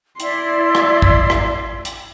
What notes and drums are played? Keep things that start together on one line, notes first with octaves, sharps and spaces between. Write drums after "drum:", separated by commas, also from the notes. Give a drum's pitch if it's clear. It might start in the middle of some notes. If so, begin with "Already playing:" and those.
E4 D5 C6, drum: hi-hat
drum: rim click
drum: kick
drum: rim click
drum: hi-hat